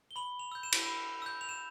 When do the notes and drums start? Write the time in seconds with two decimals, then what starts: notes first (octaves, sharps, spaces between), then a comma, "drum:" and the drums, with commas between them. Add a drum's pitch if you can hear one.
0.11 G7
0.16 B5 F#7
0.39 F7
0.52 E6 G6
0.63 E7
0.73 F7, drum: cymbal
0.82 B5 E7
1.22 E6 G6
1.41 F7
1.49 E7